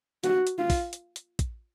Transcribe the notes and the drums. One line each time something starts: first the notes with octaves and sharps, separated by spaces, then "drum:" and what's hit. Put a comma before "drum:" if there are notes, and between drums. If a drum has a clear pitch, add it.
F#4, drum: hi-hat
drum: hi-hat
F4
drum: kick, open hi-hat
drum: hi-hat
drum: hi-hat
drum: kick, hi-hat